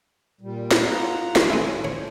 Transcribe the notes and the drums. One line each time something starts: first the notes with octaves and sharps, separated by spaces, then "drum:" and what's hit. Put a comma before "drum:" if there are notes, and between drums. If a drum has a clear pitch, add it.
A#2 G3
drum: snare
F4 F#5 A#5
B1 C#4 A4, drum: snare
G#3 E4
C5 C#5